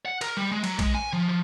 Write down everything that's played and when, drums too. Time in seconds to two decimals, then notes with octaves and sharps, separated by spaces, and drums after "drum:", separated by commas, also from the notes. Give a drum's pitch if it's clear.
0.06 F#5
0.21 A#4, drum: cymbal
0.37 G3
0.52 G#3
0.64 F#3, drum: cymbal
0.79 G#3, drum: kick A#1, cymbal
0.95 G#5
1.13 F3
1.29 F3